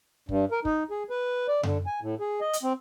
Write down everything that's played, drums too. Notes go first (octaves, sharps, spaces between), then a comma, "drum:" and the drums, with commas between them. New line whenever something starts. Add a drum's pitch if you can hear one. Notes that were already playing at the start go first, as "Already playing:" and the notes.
G2, drum: kick
A#4
D#4, drum: kick
G#4
B4
D5
D3, drum: tom F#2
G#5
A2
G#4
D#5
drum: hi-hat
C4